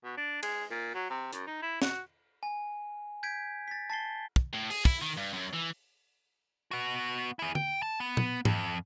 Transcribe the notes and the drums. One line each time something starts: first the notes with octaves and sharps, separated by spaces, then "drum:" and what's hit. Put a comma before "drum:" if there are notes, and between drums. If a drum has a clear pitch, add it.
B2
D4
G#3, drum: cymbal
A#2
F#3
C3
F#2, drum: hi-hat
D#4
E4
F#4, drum: snare
G#5
G6 G#6 B6 D7
A6 B6
A5 A6 C7 G7
drum: kick
A2
G#4, drum: open hi-hat
E4, drum: kick
D#3
G2
F#2
E3
B3 F#4
E4 G#4
G5, drum: tom
A5
B3
drum: tom
F2, drum: tom G#2